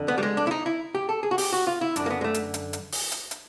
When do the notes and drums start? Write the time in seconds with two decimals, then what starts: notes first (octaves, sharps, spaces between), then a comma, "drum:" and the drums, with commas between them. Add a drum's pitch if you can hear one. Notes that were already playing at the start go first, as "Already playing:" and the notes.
Already playing: F2 D3
0.08 B3
0.18 G3
0.23 G#3
0.37 D4
0.47 E4
0.51 D#4
0.66 E4
0.95 G4
1.09 A4
1.23 G#4
1.31 F#4
1.38 G4, drum: open hi-hat
1.52 F#4
1.67 F4
1.81 E4
1.96 F#2 D3 D4, drum: hi-hat
2.06 A#3
2.10 B3
2.21 G#3
2.24 A3
2.34 drum: hi-hat
2.54 drum: hi-hat
2.73 drum: hi-hat
2.92 drum: open hi-hat
3.12 drum: hi-hat
3.31 drum: hi-hat